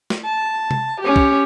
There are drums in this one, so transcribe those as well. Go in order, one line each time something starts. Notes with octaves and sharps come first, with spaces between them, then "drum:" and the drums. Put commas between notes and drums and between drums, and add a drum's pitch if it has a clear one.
drum: snare
A5
drum: tom C3
C#4 G4
drum: kick